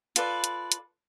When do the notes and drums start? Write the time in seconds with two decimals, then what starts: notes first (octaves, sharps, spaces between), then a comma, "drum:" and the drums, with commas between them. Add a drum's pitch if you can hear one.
0.16 F4 A4 B4 D5, drum: hi-hat
0.44 drum: hi-hat
0.72 drum: hi-hat